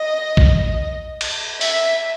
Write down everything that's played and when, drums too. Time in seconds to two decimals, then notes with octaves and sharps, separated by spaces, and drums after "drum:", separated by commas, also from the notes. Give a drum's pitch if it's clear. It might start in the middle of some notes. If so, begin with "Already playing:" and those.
Already playing: D#5
0.37 drum: kick A1
1.21 drum: cymbal
1.61 E5, drum: open hi-hat